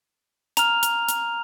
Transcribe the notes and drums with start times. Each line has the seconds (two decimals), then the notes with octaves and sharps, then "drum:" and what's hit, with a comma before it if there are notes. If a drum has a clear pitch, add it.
0.57 A#5 F6 F7, drum: hi-hat
0.83 drum: hi-hat
1.09 drum: hi-hat